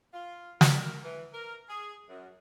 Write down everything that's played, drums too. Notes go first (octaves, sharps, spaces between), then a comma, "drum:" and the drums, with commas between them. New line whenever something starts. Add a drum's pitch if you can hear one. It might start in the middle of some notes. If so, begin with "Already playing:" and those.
F4
A#4, drum: snare
E3
A#4
G#4
F#2